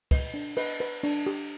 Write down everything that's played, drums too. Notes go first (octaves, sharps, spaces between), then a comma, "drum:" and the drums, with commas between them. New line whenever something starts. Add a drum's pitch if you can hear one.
B4, drum: kick, cymbal
D4
B4, drum: cymbal
B4
D4, drum: cymbal
G4